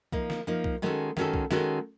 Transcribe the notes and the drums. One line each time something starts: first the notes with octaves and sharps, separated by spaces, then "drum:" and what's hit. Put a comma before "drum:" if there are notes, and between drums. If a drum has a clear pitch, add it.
F3 A#3 D#4, drum: kick B1
drum: snare
F3 A#3 D#4
drum: kick B1
D#3 G#3 C#4 F#4 A4
D#3 G#3 C#4 F#4 A4, drum: snare
drum: kick B1
D#3 G#3 C#4 F#4 A4, drum: snare